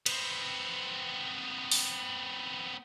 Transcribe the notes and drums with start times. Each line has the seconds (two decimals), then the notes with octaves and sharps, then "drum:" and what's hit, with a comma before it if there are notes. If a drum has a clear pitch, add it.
0.06 B3 C4, drum: cymbal
1.72 drum: open hi-hat